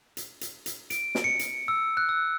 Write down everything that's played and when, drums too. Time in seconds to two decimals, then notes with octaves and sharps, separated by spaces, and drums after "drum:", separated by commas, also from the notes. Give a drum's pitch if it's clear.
0.17 drum: hi-hat
0.41 drum: hi-hat
0.66 drum: hi-hat
0.90 D7, drum: hi-hat
1.15 drum: snare
1.24 C#7
1.39 drum: hi-hat
1.68 E6
1.97 F#6
2.09 E6